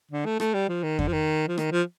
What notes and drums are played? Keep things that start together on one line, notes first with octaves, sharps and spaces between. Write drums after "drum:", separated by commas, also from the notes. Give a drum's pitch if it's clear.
D3
A3
A3, drum: rim click
G3
F3
D#3
D3, drum: kick F2
F3
D#3
F3
D#3, drum: rim click
F3